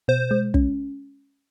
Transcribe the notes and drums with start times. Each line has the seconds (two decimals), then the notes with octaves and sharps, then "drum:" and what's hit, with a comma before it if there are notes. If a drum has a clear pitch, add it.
0.08 B2 C5
0.31 G#3
0.54 C#4, drum: kick